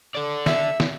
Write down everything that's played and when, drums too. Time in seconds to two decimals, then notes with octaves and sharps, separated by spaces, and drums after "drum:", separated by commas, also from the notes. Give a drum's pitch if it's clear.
0.15 A4 D5
0.46 E5, drum: snare
0.80 drum: snare